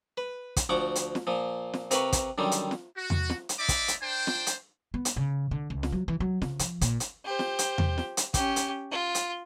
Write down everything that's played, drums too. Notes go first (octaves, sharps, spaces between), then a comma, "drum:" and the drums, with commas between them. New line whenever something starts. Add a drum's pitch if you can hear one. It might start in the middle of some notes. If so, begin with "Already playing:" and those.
B4
drum: kick, hi-hat
D2 F3 F#5 C#6 D6
drum: hi-hat
drum: snare
A#2 F3
drum: snare
C3 A#4 B4 F5 B5 C#6, drum: hi-hat
drum: kick, hi-hat
F#2 D3 D#3 G3
drum: hi-hat
drum: snare
F#4
drum: tom E2
drum: snare
drum: hi-hat
D#4 D5 E5 D6
drum: kick, hi-hat
drum: hi-hat
D4 C5 G5
drum: snare
drum: hi-hat
B3
drum: hi-hat
C#3
D3
C#2
drum: snare
F#3
E3
F#3
C#3, drum: snare
F3, drum: hi-hat
A#2, drum: kick, hi-hat
drum: hi-hat
G4 C5
drum: snare
drum: hi-hat
drum: tom E2
drum: snare
drum: hi-hat
C#4 G4, drum: kick, hi-hat
drum: hi-hat
F4
drum: hi-hat